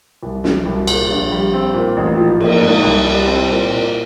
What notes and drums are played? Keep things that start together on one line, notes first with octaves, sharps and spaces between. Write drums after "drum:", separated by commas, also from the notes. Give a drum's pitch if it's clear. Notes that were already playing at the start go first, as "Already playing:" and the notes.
C2
F#3, drum: snare
C2
A#2, drum: cymbal
A#1
G3
C4
A#2
A1
F3
A#3, drum: cymbal
G#2
C2
G3
C4
A#2
A#2